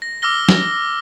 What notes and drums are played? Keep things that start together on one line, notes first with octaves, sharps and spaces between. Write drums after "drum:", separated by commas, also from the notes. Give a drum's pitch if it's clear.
A#6
D6 E6 F6 A#6 G7
drum: snare